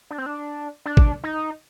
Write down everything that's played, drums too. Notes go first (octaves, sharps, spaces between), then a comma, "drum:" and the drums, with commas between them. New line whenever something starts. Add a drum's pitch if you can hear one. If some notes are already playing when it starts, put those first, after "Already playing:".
D4
C4
D4
D4
drum: kick
D#4